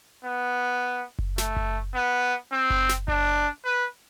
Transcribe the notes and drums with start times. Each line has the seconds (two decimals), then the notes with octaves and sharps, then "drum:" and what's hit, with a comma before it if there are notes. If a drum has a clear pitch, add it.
0.24 B3
1.19 drum: kick F#1
1.38 A3, drum: snare
1.56 drum: kick F#1
1.94 B3
2.52 C4
2.70 drum: kick F#1
2.89 drum: snare
3.08 D4, drum: kick F#1
3.65 B4